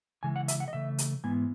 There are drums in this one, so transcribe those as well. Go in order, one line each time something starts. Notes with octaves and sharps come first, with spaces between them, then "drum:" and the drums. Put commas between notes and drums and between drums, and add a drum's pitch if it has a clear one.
C#3 E3 G#3 G#5
F#5
E5, drum: hi-hat
F#5
D#5
C#3 E3 A3 E5
drum: hi-hat
G#2 E3 G#3 B3 G#5